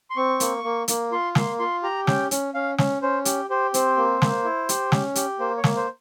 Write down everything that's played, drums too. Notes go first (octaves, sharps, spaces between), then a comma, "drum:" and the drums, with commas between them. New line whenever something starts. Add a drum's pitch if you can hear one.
C6
C4 C#6
A#3, drum: hi-hat
A#3
A#3, drum: hi-hat
F4 C6
A#3 C6, drum: snare
F4 C6
G4 A#5
C#4 G5, drum: snare
C#4, drum: hi-hat
C#4 F5
C#4, drum: snare
C#4 C5
G4, drum: hi-hat
G4 C5
C4 C5, drum: hi-hat
A#3
A#3, drum: snare
E4
G4, drum: hi-hat
C#4, drum: snare
G4, drum: hi-hat
A#3 C5
C#5
A#3, drum: snare
C5